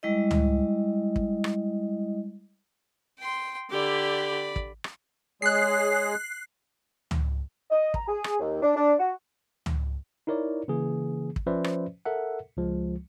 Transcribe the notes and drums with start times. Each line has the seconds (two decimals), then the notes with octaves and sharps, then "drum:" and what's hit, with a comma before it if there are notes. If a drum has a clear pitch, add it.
0.03 G3 G#3 E4 D#5
0.31 drum: tom C#2
1.16 drum: kick
1.44 drum: rim click
3.19 G5 C6
3.71 D3 G4 D5 B5
4.56 drum: kick
4.84 drum: rim click
5.42 G#3 G#4 C#5 F#6 C7
7.11 drum: tom C#2
7.70 D#5
7.94 A#5, drum: kick
8.08 G#4
8.24 drum: rim click
8.39 D#2
8.62 D4
8.75 D4
8.99 F#4
9.66 drum: tom C#2
10.27 D#4 E4 A#4 C#5 D5
10.68 C#3 E3 A#3 G#4
11.36 drum: kick
11.47 F3 C#4 B4 C5 D5 E5
11.64 drum: rim click
12.05 A4 A#4 E5 F#5
12.57 C#2 F3 G#3